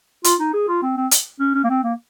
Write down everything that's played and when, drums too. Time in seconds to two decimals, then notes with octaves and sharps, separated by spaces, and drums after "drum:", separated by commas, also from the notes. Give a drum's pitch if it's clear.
0.24 F4, drum: hi-hat
0.40 D#4
0.53 G#4
0.68 F4
0.82 C4
0.97 C4
1.11 drum: hi-hat
1.40 C#4
1.54 C#4
1.64 A#3
1.70 C4
1.83 A#3